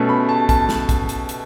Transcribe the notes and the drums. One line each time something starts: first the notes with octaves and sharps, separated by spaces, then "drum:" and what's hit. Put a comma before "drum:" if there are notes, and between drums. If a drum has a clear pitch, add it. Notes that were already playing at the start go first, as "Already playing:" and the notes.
Already playing: B2 A3 C#4
B5
A5
A5, drum: kick A#1, hi-hat
drum: snare
drum: kick A#1, hi-hat
drum: hi-hat
drum: hi-hat